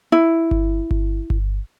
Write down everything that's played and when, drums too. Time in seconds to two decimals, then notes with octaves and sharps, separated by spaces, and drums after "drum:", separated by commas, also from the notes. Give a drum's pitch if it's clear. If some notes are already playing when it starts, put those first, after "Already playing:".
0.12 E4
0.51 drum: kick G1
0.91 drum: kick G1
1.30 drum: kick G1